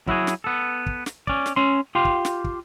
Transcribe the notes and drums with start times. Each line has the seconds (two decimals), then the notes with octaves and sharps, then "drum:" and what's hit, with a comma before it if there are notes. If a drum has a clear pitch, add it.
0.07 F#3 E4 F#4 G#4, drum: kick
0.27 drum: snare
0.44 B3 A4
0.86 drum: kick
1.06 drum: snare
1.27 C#4 D5, drum: kick
1.46 drum: snare
1.56 C#4 C6
1.95 F4 G4 C6
2.05 drum: kick
2.25 drum: snare
2.44 drum: kick